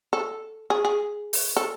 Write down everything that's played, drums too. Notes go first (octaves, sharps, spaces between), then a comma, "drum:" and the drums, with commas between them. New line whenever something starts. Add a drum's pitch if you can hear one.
A4
G#4
G#4
drum: open hi-hat
A4